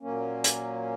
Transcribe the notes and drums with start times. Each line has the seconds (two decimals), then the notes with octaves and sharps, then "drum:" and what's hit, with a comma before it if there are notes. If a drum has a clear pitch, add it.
0.01 A#2 F#3 A#3 C#4
0.44 drum: hi-hat